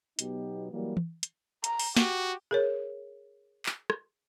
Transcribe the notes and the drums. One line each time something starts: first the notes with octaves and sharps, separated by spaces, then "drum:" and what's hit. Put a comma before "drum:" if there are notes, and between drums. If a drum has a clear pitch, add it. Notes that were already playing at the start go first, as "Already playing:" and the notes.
B2 F#3 B3 D#4 G4, drum: hi-hat
E3 F#3 G3 A#3
drum: tom
drum: hi-hat
A#5, drum: hi-hat
drum: open hi-hat
F#4 G4, drum: snare
G#4 A#4 C#5
drum: clap
drum: rim click